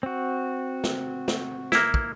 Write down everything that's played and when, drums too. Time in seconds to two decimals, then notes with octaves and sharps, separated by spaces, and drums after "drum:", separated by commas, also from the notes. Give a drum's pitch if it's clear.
0.03 C4 F#4
0.84 drum: snare
1.28 drum: snare
1.72 A#3 E4, drum: snare
1.94 drum: kick